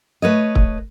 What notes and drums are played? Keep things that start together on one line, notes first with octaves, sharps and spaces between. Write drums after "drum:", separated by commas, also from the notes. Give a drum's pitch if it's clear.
A3 B4 C#5 D#5
drum: kick